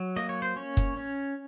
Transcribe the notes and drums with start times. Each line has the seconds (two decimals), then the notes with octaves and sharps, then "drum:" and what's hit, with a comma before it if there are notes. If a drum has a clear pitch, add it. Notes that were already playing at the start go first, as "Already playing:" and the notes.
Already playing: F#3
0.16 A#3 D#5
0.29 C#5
0.42 C5
0.56 C#4 C#5
0.77 drum: kick F#1, hi-hat
0.97 C#4